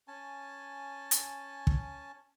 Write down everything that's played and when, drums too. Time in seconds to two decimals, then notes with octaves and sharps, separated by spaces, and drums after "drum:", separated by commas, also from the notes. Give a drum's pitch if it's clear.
0.08 C#4 G#5 A5
1.11 drum: hi-hat
1.67 drum: kick